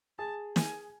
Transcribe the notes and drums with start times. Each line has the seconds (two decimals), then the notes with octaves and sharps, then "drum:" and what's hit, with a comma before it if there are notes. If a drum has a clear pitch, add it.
0.19 G#4 A5
0.56 G#5, drum: snare